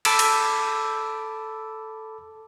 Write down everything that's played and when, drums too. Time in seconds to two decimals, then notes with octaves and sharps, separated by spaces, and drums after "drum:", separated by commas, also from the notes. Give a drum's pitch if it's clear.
0.05 A4 B5 D6 E6, drum: cymbal
0.19 drum: cymbal